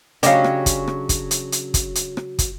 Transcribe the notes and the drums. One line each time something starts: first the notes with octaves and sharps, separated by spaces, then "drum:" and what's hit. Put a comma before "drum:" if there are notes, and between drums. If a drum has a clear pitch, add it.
C#3 F#3 C#4 D4 G4 D#5 F5, drum: hi-hat
drum: rim click
drum: kick, hi-hat
drum: rim click
drum: kick, hi-hat
drum: hi-hat
drum: hi-hat
drum: kick, hi-hat
drum: hi-hat
drum: rim click
drum: kick, hi-hat